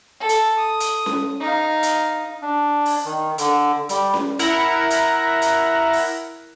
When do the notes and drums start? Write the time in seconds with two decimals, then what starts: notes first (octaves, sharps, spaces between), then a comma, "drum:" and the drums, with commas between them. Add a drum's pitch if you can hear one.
0.20 A4
0.29 drum: hi-hat
0.57 D#6
0.80 drum: hi-hat
1.06 drum: snare C#4
1.40 D#4 F5
1.83 drum: hi-hat
2.42 D4
2.86 drum: open hi-hat
3.05 D#3
3.38 D3, drum: hi-hat
3.89 G3, drum: hi-hat
4.14 drum: snare C#4
4.39 E4 A#4 F#5 A#5, drum: hi-hat
4.91 drum: hi-hat
5.42 drum: hi-hat
5.93 drum: open hi-hat